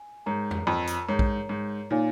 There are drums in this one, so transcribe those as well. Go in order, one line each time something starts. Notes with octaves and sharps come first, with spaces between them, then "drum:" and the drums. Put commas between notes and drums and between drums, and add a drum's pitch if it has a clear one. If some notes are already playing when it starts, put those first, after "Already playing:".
Already playing: G#5
G#2 A#4 C#5 A#5
drum: tom E2
F2
drum: hi-hat
G#2 A#4 C#5 A#5
drum: kick A#1
G#2
A#2 D#4 C#5 F5 G#5